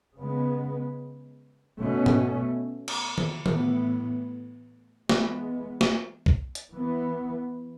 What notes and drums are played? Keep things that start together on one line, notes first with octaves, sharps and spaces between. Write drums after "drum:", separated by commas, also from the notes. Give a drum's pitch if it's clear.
C#3 G#3 B3
B2 A3 C#4
drum: tom G#2
drum: cymbal
drum: tom D#3
A2 E3 B3, drum: tom D#3
E3 G#3 B3, drum: snare
drum: snare
drum: kick B1
drum: hi-hat
E3 B3